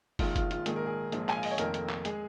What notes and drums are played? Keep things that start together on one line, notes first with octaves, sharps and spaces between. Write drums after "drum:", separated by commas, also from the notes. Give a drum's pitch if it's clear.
A#1 G#2 D#3 G#3 F4, drum: kick, open hi-hat
F4, drum: kick, hi-hat
F4, drum: hi-hat
A#1 G#2 D#3 A#3 G#4, drum: hi-hat
A#4
G#4
A#1 G#2 F3 A#3, drum: hi-hat
G#5, drum: clap
F5
D#5, drum: open hi-hat
C#5
F1 F2 D#3 A#3 A#4, drum: hi-hat
drum: hi-hat
drum: clap
G#3 G#4, drum: hi-hat